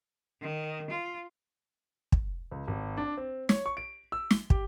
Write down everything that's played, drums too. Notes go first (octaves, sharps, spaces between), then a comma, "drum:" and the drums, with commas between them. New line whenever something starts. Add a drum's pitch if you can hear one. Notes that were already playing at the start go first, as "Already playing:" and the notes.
D#3
F4
drum: kick
C#2
G#1
D4
C4
C#5, drum: snare
C#6
D7
E6
G7, drum: snare
G4, drum: kick